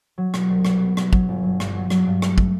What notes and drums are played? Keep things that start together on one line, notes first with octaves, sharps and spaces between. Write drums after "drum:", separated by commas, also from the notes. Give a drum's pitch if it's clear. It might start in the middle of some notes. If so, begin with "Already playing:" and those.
F#3
B2, drum: rim click
C2
B2, drum: rim click
B3
B2, drum: rim click
F#3, drum: kick
G1
F#3
G2, drum: rim click
F#3
F#3, drum: rim click
G2
A3, drum: rim click
A3, drum: kick